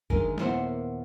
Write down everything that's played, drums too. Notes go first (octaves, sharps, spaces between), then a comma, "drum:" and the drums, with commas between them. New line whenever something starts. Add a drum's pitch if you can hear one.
D2 D#3 G#3 D4 A#4 G#5, drum: kick F#1
D#2 A#2 B3 E4 C5 F#5, drum: snare